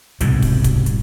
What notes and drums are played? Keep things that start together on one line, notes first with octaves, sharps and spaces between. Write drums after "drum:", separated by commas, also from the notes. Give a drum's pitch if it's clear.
C2 G#2 B2, drum: hi-hat
drum: kick, open hi-hat
drum: kick, hi-hat
drum: hi-hat